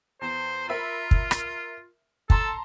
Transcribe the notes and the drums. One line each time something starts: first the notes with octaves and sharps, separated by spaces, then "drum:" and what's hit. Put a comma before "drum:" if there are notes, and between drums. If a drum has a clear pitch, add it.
E2 C5
F4 A#4 E5 B5
drum: kick
drum: rim click
A4 A5 A#5 C6, drum: kick